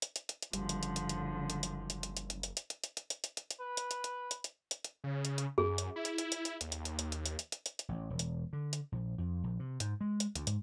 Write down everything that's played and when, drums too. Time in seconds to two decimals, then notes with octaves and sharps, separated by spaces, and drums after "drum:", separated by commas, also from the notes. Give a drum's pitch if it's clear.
0.02 drum: hi-hat
0.16 drum: hi-hat
0.29 drum: hi-hat
0.42 drum: hi-hat
0.53 F#1 D3 F3 G3, drum: hi-hat
0.69 drum: hi-hat
0.83 drum: hi-hat
0.96 drum: hi-hat
1.09 drum: hi-hat
1.50 drum: hi-hat
1.63 drum: hi-hat
1.90 drum: hi-hat
2.03 drum: hi-hat
2.17 drum: hi-hat
2.30 drum: hi-hat
2.43 drum: hi-hat
2.57 drum: hi-hat
2.70 drum: hi-hat
2.84 drum: hi-hat
2.97 drum: hi-hat
3.10 drum: hi-hat
3.24 drum: hi-hat
3.37 drum: hi-hat
3.51 drum: hi-hat
3.60 B4
3.77 drum: hi-hat
3.91 drum: hi-hat
4.04 drum: hi-hat
4.31 drum: hi-hat
4.44 drum: hi-hat
4.71 drum: hi-hat
4.84 drum: hi-hat
5.04 C#3
5.25 drum: hi-hat
5.38 drum: hi-hat
5.58 F#2 G#4
5.78 drum: hi-hat
5.96 E4
6.05 drum: hi-hat
6.18 drum: hi-hat
6.32 drum: hi-hat
6.45 drum: hi-hat
6.61 D#2, drum: hi-hat
6.72 drum: hi-hat
6.85 drum: hi-hat
6.99 drum: hi-hat
7.12 drum: hi-hat
7.26 drum: hi-hat
7.39 drum: hi-hat
7.52 drum: hi-hat
7.66 drum: hi-hat
7.79 drum: hi-hat
7.89 A1
8.10 E1
8.19 drum: hi-hat
8.53 D3
8.73 drum: hi-hat
8.92 A#1
9.18 F2
9.44 A#1
9.60 C3
9.80 G#2, drum: hi-hat
10.01 G#3
10.20 drum: hi-hat
10.35 D2, drum: hi-hat
10.47 G#2, drum: hi-hat